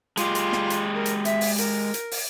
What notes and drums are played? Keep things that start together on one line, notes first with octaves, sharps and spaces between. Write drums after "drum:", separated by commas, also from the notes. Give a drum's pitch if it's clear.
G#3 F4 G4, drum: hi-hat
drum: hi-hat
drum: snare
drum: hi-hat
A#4
drum: hi-hat
E5, drum: hi-hat
drum: open hi-hat
A#4, drum: hi-hat
drum: hi-hat
drum: open hi-hat